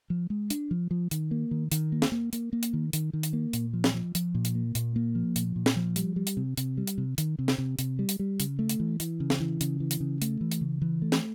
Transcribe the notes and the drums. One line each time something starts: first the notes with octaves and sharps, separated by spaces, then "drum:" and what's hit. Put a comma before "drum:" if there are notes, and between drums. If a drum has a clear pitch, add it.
F3
G#3
D4, drum: hi-hat
F3
F3
D#3, drum: hi-hat
A#3
D#3
D#3, drum: hi-hat
A#3
drum: snare
A#3
A#3, drum: hi-hat
A#3
drum: hi-hat
D#3
D#3, drum: hi-hat
D#3
drum: hi-hat
A#3
A#2, drum: hi-hat
F3
drum: snare
F3
F3, drum: hi-hat
A#2
drum: hi-hat
A#3
A#2, drum: hi-hat
A#3
F3
A#2, drum: hi-hat
A#2
drum: snare
F3
G3, drum: hi-hat
G3
drum: hi-hat
C3
C3, drum: hi-hat
G3
drum: hi-hat
C3
D#3, drum: hi-hat
C3
drum: snare
C3
C3, drum: hi-hat
G3
drum: hi-hat
G3
C#3, drum: hi-hat
A3
drum: hi-hat
E3
E3, drum: hi-hat
C#3
drum: snare
E3
C#3, drum: hi-hat
E3
drum: hi-hat
C#3
A3, drum: hi-hat
E3
drum: hi-hat
C#3
E3
A3
drum: snare